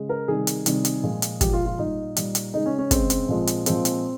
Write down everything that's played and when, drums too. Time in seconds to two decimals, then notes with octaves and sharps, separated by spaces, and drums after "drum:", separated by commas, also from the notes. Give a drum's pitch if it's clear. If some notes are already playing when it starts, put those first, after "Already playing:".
Already playing: C#3 G#3
0.09 A#4
0.28 C3 D#3 G3 G#4
0.47 drum: hi-hat
0.66 C3 D#3 G3, drum: hi-hat
0.85 drum: hi-hat
1.03 A#2 F3 G#3
1.22 drum: hi-hat
1.41 A#2 F3 G#3 G4, drum: kick, hi-hat
1.53 F4
1.66 F4
1.79 A#2 G3 D#4
2.16 A#2 G3, drum: hi-hat
2.35 drum: hi-hat
2.54 C#3 G#3 D#4
2.66 C#4
2.78 C#4
2.91 C#3 G#3 C4, drum: kick, hi-hat
3.10 drum: hi-hat
3.28 A#2 F3 G#3
3.47 drum: hi-hat
3.66 A#2 F3 G#3 C4, drum: hi-hat
3.85 drum: hi-hat